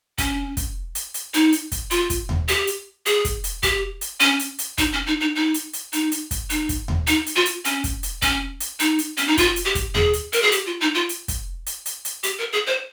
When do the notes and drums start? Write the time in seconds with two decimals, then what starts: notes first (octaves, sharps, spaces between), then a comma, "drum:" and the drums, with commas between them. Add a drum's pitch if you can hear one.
0.18 C#4, drum: kick, hi-hat
0.57 drum: kick, hi-hat
0.95 drum: hi-hat
1.14 drum: hi-hat
1.34 D#4, drum: hi-hat
1.52 drum: hi-hat
1.72 drum: kick, hi-hat
1.91 F4, drum: hi-hat
2.10 drum: kick, hi-hat
2.29 drum: tom D#2
2.48 G4, drum: hi-hat
2.67 drum: hi-hat
3.06 G#4, drum: hi-hat
3.25 drum: kick, hi-hat
3.44 drum: hi-hat
3.63 G4, drum: kick, hi-hat
4.01 drum: hi-hat
4.20 C#4, drum: hi-hat
4.39 drum: hi-hat
4.59 drum: hi-hat
4.78 D#4, drum: kick, hi-hat
4.93 C#4
5.07 D#4
5.21 D#4
5.35 D#4
5.54 drum: hi-hat
5.73 drum: hi-hat
5.93 D#4, drum: hi-hat
6.12 drum: hi-hat
6.31 drum: kick, hi-hat
6.50 D#4, drum: hi-hat
6.69 drum: kick, hi-hat
6.88 drum: tom D#2
7.07 D#4, drum: hi-hat
7.26 drum: hi-hat
7.36 F4
7.46 drum: hi-hat
7.65 C#4, drum: hi-hat
7.84 drum: kick, hi-hat
8.03 drum: hi-hat
8.22 C#4, drum: kick, hi-hat
8.60 drum: hi-hat
8.80 D#4, drum: hi-hat
8.99 drum: hi-hat
9.17 C#4, drum: hi-hat
9.27 D#4
9.37 F4, drum: kick, hi-hat
9.56 drum: hi-hat
9.65 G4
9.75 drum: kick, hi-hat
9.95 G#4, drum: tom D#2
10.13 drum: hi-hat
10.33 A#4, drum: hi-hat
10.42 G#4
10.52 G4, drum: hi-hat
10.66 F4
10.81 D#4
10.95 F4
11.09 drum: hi-hat
11.28 drum: kick, hi-hat
11.66 drum: hi-hat
11.86 drum: hi-hat
12.05 drum: hi-hat
12.23 G4, drum: hi-hat
12.38 A#4
12.53 G#4
12.66 C5